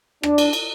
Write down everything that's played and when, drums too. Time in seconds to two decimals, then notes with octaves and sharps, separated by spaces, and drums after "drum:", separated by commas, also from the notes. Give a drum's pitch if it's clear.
0.23 D4, drum: rim click
0.38 drum: cymbal
0.53 drum: cymbal